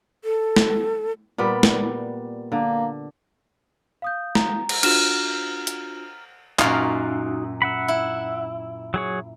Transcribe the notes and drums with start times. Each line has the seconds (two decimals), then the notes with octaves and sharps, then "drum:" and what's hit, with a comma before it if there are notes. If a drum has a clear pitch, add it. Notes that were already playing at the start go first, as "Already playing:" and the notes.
0.24 A4
0.56 drum: snare
1.38 A#2 G3 B3
1.63 drum: snare
2.52 D3 A#3
4.02 F5 D#6 G6
4.35 A#5, drum: snare
4.69 drum: cymbal
4.83 D4 F4 F#4 F6 E7, drum: cymbal
5.67 drum: hi-hat
6.59 F#2 A#2 D#4 F#4 F5 C#6, drum: clap
7.62 E5 F#5 B5
7.88 E4
8.94 F#3 G#4 C#5